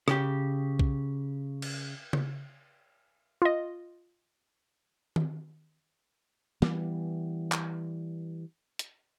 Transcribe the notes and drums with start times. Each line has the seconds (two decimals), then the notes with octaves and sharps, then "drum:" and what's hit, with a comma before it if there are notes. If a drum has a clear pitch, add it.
0.08 C#3 G4, drum: rim click
0.79 drum: kick B1
1.62 drum: cymbal
2.13 drum: tom C#3
3.42 F4 D#5
5.16 drum: tom D#3
6.62 E3 G3 B3, drum: snare
7.52 drum: clap
8.79 drum: hi-hat